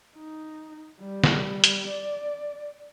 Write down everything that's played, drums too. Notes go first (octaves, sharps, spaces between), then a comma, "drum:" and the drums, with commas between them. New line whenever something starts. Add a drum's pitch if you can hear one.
D#4
G3
drum: snare
drum: hi-hat
D5